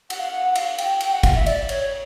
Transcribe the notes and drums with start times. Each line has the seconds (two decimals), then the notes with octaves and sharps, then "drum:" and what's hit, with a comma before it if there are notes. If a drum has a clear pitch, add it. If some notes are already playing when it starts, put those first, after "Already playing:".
0.10 F#5, drum: cymbal
0.19 F5
0.29 F#5
0.51 F#5
0.55 F5, drum: cymbal
0.78 G5, drum: cymbal
1.01 G5, drum: cymbal
1.12 F#5
1.23 F5, drum: kick, cymbal
1.35 E5
1.46 D5, drum: cymbal
1.69 C#5, drum: cymbal